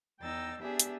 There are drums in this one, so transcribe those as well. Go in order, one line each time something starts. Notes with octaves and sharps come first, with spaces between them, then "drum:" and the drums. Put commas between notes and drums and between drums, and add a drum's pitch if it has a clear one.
E2 D#4 G5 E6 A6
B3 D4 G4 G#4 E5
drum: hi-hat